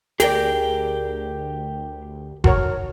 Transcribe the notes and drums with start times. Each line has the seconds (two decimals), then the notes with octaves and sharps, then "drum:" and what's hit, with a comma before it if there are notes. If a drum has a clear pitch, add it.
0.20 D2 G4 G#4 A#4 D5 G5, drum: hi-hat
2.44 F#4 A#4 C#5, drum: kick F#1